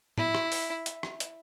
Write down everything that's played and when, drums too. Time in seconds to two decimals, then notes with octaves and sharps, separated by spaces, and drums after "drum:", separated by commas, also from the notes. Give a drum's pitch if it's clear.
0.18 E4, drum: tom A2
0.35 drum: rim click
0.52 drum: open hi-hat
0.86 drum: hi-hat
1.03 drum: rim click
1.20 drum: hi-hat